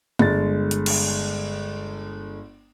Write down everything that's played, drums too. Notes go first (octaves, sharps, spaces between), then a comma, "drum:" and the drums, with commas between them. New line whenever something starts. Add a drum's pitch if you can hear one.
G1 G#3 A6, drum: tom G#3
drum: hi-hat
drum: cymbal